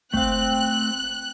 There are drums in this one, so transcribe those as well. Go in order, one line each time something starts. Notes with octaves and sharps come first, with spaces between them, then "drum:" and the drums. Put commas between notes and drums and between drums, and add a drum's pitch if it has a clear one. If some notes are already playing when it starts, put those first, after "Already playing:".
A3 C4 F5 F#6, drum: kick